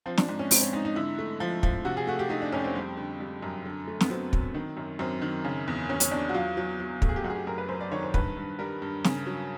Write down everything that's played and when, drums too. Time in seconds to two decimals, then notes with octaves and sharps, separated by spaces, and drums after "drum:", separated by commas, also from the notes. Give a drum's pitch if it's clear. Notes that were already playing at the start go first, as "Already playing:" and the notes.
0.06 F3 C4
0.18 D4, drum: snare
0.29 G#2
0.39 C#4
0.51 G#2 C4, drum: open hi-hat
0.62 C#4
0.73 G#2 D#4
0.85 D#4
0.96 D3 E4
1.19 A3
1.40 F3
1.63 F3, drum: kick
1.85 C3 F#4
1.97 G#4
2.07 A3 F#4
2.19 G4
2.30 A3 D#4
2.42 D4
2.52 F2 C#4
2.64 C4
2.75 G3 C4
2.97 D3
3.20 G3
3.42 F#2
3.65 D3
3.87 A3
4.01 B3, drum: snare
4.10 F#3 C4
4.33 F#3, drum: kick
4.55 D#3
4.77 F#2
4.99 F#2 C4
5.22 D#3
5.44 C#3
5.68 E2
5.90 E2 C#4
6.00 C#4, drum: hi-hat
6.11 E2 D4
6.29 F#4
6.34 F#3 F4
6.57 F#3
6.80 F#3
7.02 A3, drum: kick
7.09 G#4
7.16 G4
7.24 F#2 F#4
7.30 G#4
7.36 G4
7.47 F#2 A#4
7.58 B4
7.69 F#2 C5
7.81 D5
7.92 D#3 C#5
8.03 C5
8.14 G2 B4, drum: kick
8.37 G2
8.59 G3 A#4
8.82 G2
9.04 C#3, drum: snare
9.26 F#3